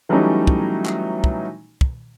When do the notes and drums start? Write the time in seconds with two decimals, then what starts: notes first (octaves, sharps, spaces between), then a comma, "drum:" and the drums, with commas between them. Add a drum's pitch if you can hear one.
0.09 E3 F#3 G3 A3 C#4 D#4
0.47 drum: kick
0.86 drum: clap
1.24 drum: kick
1.81 drum: kick